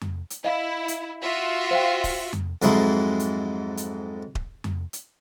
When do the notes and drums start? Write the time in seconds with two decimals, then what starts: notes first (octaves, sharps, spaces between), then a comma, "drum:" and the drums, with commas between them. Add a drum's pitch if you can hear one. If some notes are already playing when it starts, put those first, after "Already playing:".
0.01 drum: tom F2
0.30 drum: hi-hat
0.44 E4 D#5 F5
0.88 drum: hi-hat
1.23 F4 F#4 E5
1.71 C5 F5 G5
2.04 drum: kick D#1, open hi-hat
2.33 drum: tom F2
2.62 F2 G#2 F#3 G#3 E4, drum: hi-hat
3.20 drum: hi-hat
3.77 drum: hi-hat
4.35 drum: kick D#1
4.64 drum: tom F2
4.93 drum: hi-hat